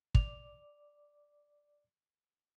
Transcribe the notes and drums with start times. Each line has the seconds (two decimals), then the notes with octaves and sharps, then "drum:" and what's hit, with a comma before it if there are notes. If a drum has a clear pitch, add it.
0.15 D5 D6 F7, drum: kick